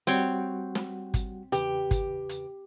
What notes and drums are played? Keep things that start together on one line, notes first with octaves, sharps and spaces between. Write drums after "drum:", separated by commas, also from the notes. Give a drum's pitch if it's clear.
G3 C4 F#4 C#5 F#5 G5
drum: snare
drum: kick, hi-hat
E2 C#3 G4 B4, drum: hi-hat
drum: kick, hi-hat
drum: hi-hat